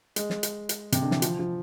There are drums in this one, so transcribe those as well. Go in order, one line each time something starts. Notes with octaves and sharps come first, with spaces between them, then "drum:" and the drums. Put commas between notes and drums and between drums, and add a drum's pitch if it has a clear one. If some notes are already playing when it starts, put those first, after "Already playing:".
G#3, drum: hi-hat
drum: snare
drum: hi-hat
drum: hi-hat
C3, drum: hi-hat
D3
E3, drum: snare
F3, drum: hi-hat
F3